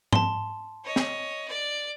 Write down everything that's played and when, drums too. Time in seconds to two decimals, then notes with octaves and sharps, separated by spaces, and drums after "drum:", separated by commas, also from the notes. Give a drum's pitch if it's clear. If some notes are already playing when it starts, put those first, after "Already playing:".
0.13 A5 C6, drum: tom G#2
0.85 C#5 D#5
0.96 drum: snare
1.48 D5